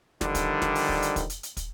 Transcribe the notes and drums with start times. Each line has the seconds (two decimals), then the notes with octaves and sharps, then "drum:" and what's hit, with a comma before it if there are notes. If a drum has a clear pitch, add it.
0.21 D3 D#3 F3 G3, drum: snare
0.35 drum: kick, hi-hat
0.62 drum: snare
0.75 drum: open hi-hat
0.89 drum: kick
1.02 drum: hi-hat
1.16 drum: kick, hi-hat
1.30 drum: hi-hat
1.43 drum: hi-hat
1.57 drum: kick, hi-hat